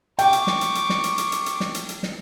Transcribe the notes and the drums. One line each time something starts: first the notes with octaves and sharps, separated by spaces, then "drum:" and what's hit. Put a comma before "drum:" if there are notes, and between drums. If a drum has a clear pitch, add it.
G5 C#6 D6, drum: hi-hat
drum: hi-hat
drum: snare
drum: hi-hat
drum: hi-hat
drum: snare
drum: hi-hat
drum: hi-hat
drum: hi-hat
drum: hi-hat
drum: snare
drum: hi-hat
drum: hi-hat
drum: snare